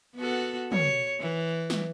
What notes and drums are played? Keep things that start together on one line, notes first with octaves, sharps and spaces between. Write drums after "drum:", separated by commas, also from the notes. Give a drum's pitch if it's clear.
B3 F#4 A4
C#5, drum: tom
E3
drum: snare F#3